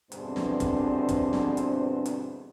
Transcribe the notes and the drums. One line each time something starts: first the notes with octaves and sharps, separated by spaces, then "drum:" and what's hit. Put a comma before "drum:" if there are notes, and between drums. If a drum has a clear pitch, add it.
E2 G2 B2 D3 C4 C5, drum: hi-hat
drum: snare
drum: kick, hi-hat
drum: kick, hi-hat
drum: snare
drum: hi-hat
drum: hi-hat